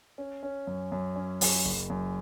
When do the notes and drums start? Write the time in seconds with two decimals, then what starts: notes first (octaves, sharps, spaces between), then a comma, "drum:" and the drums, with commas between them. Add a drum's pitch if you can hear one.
0.18 C#4
0.43 C#4
0.67 F#2
0.92 F#2
1.16 C#4
1.41 F#2, drum: open hi-hat
1.65 F#1
1.90 F#2